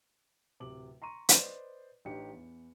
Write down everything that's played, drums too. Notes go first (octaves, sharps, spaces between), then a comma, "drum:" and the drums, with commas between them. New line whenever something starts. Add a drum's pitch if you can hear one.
D1 C3 D6 F#7
A#5 C6 C#6 D#7
B4 C5 D5 D#5, drum: hi-hat
A1 D4 D#4 G4 C#7
E2